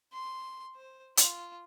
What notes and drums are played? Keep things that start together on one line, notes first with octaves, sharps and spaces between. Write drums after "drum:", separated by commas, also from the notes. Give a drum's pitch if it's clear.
C6
C5
F4, drum: hi-hat